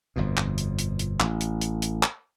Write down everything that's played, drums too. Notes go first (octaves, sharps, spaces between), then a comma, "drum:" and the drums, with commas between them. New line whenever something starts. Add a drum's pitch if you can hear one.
G1 F2 B2
drum: clap
drum: hi-hat
drum: hi-hat
drum: hi-hat
A1, drum: clap
drum: hi-hat
drum: hi-hat
drum: hi-hat
drum: clap